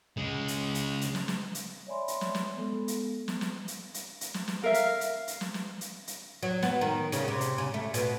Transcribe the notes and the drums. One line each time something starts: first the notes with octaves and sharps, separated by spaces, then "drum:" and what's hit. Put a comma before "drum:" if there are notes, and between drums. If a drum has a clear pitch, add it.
C#3 G#3
drum: hi-hat
drum: hi-hat
drum: hi-hat
drum: snare
drum: snare
drum: hi-hat
C#5 D5 E5 G#5 B5 C6
drum: hi-hat
drum: snare
drum: snare
G#3 B3 A4
drum: hi-hat
drum: snare
drum: snare
drum: hi-hat
drum: hi-hat
drum: hi-hat
drum: snare
drum: snare
A#4 E5 F5
drum: hi-hat
drum: hi-hat
drum: hi-hat
drum: snare
drum: snare
drum: hi-hat
drum: hi-hat
F#3
B3, drum: snare
D#3
C#3, drum: hi-hat
C3
drum: hi-hat
C#3
A3
B2, drum: hi-hat